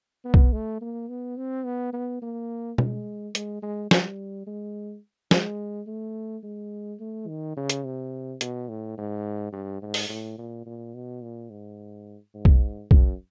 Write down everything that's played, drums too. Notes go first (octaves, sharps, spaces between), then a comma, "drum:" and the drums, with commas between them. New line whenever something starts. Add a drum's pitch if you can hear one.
B3
drum: kick B1
A3
A#3
B3
C4
B3
B3
A#3
G#3, drum: tom B2
G#3, drum: hi-hat
G#3
G3, drum: snare
G#3
G#3, drum: snare
A3
G#3
A3
D#3
C#3
drum: hi-hat
C3
B2, drum: hi-hat
A2
G#2
G2
G#2
drum: open hi-hat
A2
A#2
A#2
B2
A#2
G#2
G#2
drum: kick B1
F#2, drum: kick B1